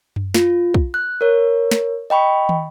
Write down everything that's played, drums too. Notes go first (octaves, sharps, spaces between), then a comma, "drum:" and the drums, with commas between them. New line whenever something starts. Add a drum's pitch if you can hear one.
drum: tom F#2
F4, drum: snare
drum: kick
F#6
A#4 C#5
drum: snare
D#5 G5 B5 C#6
drum: tom